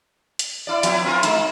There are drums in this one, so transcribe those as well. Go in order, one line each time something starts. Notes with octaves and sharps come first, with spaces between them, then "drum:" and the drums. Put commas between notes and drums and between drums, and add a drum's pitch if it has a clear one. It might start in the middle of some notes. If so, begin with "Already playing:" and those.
drum: hi-hat
E4 D5
F3 B3 E4, drum: hi-hat
C4 F4 A#4
G#3 A#3 D#4, drum: hi-hat